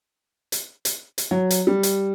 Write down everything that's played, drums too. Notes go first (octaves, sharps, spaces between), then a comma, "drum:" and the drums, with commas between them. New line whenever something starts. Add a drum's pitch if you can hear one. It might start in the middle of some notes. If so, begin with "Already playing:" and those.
drum: hi-hat
drum: hi-hat
drum: hi-hat
F#3
drum: hi-hat
G3
drum: hi-hat